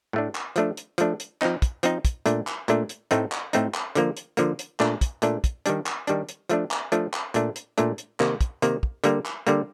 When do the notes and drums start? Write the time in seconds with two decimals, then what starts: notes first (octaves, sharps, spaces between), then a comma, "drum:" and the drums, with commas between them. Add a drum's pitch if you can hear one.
0.13 A2 A3 D4
0.35 drum: clap
0.56 F3 A3 D4, drum: hi-hat
0.77 drum: hi-hat
0.98 F3 A3 D4, drum: hi-hat
1.20 drum: hi-hat
1.42 F3 C4 D#4, drum: clap
1.62 drum: kick, hi-hat
1.83 F3 C4 D#4, drum: hi-hat
2.05 drum: kick, hi-hat
2.26 A#2 A3 D4, drum: hi-hat
2.47 drum: clap
2.68 A#2 A3 D4, drum: hi-hat
2.89 drum: hi-hat
3.11 A2 A3 C4 D#4, drum: hi-hat
3.32 drum: clap
3.53 A2 A3 C4 D#4, drum: hi-hat
3.74 drum: clap
3.95 D3 F3 A#3, drum: hi-hat
4.17 drum: hi-hat
4.37 D3 F3 A#3, drum: hi-hat
4.59 drum: hi-hat
4.80 A#2 A3 D4, drum: clap
5.01 drum: kick, hi-hat
5.22 A#2 A3 D4, drum: hi-hat
5.44 drum: kick, hi-hat
5.66 D#3 G3 D4, drum: hi-hat
5.86 drum: clap
6.07 D#3 G3 D4, drum: hi-hat
6.29 drum: hi-hat
6.49 F3 A3 D4, drum: hi-hat
6.71 drum: clap
6.92 F3 A3 D4, drum: hi-hat
7.13 drum: clap
7.34 A#2 A3 D4, drum: hi-hat
7.56 drum: hi-hat
7.78 A#2 A3 D4, drum: hi-hat
7.98 drum: hi-hat
8.20 C3 D#3 A#3, drum: clap
8.41 drum: kick, hi-hat
8.62 C3 D#3 A#3, drum: hi-hat
8.83 drum: kick
9.04 D3 G3 A#3, drum: hi-hat
9.25 drum: clap
9.47 D3 G3 A#3, drum: hi-hat